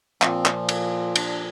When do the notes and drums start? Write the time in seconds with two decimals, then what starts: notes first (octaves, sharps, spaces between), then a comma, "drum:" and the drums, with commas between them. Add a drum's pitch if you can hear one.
0.22 A#2 F3 C4, drum: clap
0.45 drum: clap
0.69 drum: cymbal
1.16 D4, drum: cymbal